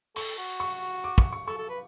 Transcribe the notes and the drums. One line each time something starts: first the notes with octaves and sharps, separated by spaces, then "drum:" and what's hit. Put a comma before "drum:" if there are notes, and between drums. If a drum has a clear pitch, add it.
A4 C#6, drum: open hi-hat
F#4
C#6
D6
C#6, drum: kick
C#6
A4 C#6
A4
B4